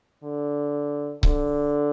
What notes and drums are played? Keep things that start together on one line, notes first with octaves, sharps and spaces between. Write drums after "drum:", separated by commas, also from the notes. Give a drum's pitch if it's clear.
D3
D3, drum: kick C#1